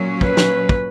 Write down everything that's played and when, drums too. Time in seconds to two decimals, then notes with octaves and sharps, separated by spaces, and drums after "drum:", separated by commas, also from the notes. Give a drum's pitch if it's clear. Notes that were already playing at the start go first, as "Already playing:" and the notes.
Already playing: A#2 F#3 C#4
0.21 B4, drum: kick
0.37 drum: snare
0.69 drum: kick